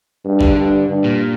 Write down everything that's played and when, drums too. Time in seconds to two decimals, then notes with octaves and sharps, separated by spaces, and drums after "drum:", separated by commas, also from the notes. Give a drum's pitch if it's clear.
0.25 G2
0.41 D3, drum: kick G1
0.57 G2
0.88 G2
1.04 A#2